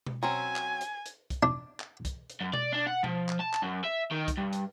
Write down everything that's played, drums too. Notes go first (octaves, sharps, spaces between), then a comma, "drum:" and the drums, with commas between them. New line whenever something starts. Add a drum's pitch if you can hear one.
drum: tom B2
F#3 C4 C#4 G#5
drum: clap
drum: hi-hat
drum: hi-hat
drum: kick C2, hi-hat
D4
drum: clap
drum: kick C2, hi-hat
drum: hi-hat
F#2
D5, drum: tom B2
D4
F#5
F3, drum: tom B2
drum: clap
A5
drum: clap
F#2
E5
D#3
drum: kick C2, hi-hat
G2
drum: hi-hat